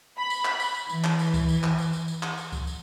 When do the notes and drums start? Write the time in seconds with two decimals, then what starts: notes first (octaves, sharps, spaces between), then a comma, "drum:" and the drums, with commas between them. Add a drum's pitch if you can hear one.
0.17 B5
0.30 drum: tambourine
0.45 drum: clap
0.60 drum: tambourine
0.75 drum: tambourine
0.89 E3, drum: tambourine
1.04 drum: clap
1.19 drum: tambourine
1.34 drum: kick C#2, tambourine
1.49 drum: tambourine
1.63 drum: clap
1.78 drum: tambourine
1.93 drum: tambourine
2.08 drum: tambourine
2.23 drum: clap
2.38 drum: tambourine
2.52 drum: kick C#2, tambourine
2.67 drum: tambourine